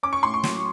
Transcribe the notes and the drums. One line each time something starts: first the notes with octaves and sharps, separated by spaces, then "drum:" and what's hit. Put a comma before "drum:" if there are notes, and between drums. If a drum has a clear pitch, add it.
C#4 D6
C#6
A2 C6
C#6
F#3, drum: snare